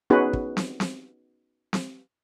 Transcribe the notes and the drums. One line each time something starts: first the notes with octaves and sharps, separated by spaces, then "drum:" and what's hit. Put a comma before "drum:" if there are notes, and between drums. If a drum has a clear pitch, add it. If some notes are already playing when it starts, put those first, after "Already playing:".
B3 C#4 D#4 F#4 G#4 B4
drum: kick
drum: snare C4
drum: snare C4
drum: snare C4